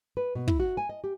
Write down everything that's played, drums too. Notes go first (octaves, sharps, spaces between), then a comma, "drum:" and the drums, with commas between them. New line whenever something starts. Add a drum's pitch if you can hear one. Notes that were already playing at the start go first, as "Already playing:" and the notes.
B4
B2
E4, drum: kick
F#4
G#5
D#5
G4